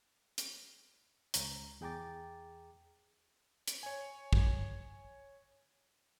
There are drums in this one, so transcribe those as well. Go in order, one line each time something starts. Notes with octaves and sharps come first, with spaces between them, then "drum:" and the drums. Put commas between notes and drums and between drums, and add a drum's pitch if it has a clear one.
drum: hi-hat
C#2 A#5, drum: hi-hat
E2 G#4 G5 A#5 D6 A6
drum: hi-hat
C#5 G#5
drum: kick